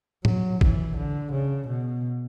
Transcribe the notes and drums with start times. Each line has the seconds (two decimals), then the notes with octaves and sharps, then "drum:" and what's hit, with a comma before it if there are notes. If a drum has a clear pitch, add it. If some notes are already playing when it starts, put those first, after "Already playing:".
0.25 F#3, drum: tom A2
0.61 E3, drum: kick
0.97 D3
1.32 C#3
1.68 B2